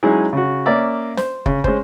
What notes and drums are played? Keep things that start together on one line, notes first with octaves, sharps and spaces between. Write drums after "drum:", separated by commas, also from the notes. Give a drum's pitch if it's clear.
F#3 G#3 C#4 D#4 E4 G#4
C#3 F#4
A#3 C#4 D5 E5
C5, drum: snare
C#3, drum: kick
G#3 C#4 C5, drum: kick